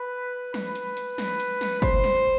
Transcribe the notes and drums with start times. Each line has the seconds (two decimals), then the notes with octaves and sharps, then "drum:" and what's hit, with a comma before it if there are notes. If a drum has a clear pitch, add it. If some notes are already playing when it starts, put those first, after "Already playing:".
Already playing: B4
0.54 B4, drum: snare
0.75 drum: hi-hat
0.97 drum: hi-hat
1.18 drum: snare
1.40 drum: hi-hat
1.61 drum: snare
1.82 C5, drum: kick, hi-hat
2.04 drum: snare